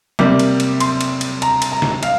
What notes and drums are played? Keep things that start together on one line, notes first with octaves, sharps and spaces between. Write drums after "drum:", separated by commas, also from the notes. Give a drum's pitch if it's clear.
C3 G3 A#3 D6, drum: snare
drum: cymbal
drum: cymbal
C6, drum: cymbal
drum: cymbal
drum: cymbal
A#5, drum: cymbal
drum: cymbal
A#5
drum: snare
F5, drum: cymbal